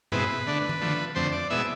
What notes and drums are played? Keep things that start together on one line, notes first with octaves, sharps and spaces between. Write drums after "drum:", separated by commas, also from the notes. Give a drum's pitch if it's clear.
B2 G#3 C4 E4 B4, drum: tom G2
D3 A3 D4
drum: tom D#3
D3 F3 A3
F2 D3 A3 C4 C5
D5
B2 G#3 B3 E4 E5